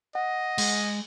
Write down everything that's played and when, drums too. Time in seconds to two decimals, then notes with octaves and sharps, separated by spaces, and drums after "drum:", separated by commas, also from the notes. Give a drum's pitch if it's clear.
0.15 D#5 F#5
0.58 G#3, drum: cymbal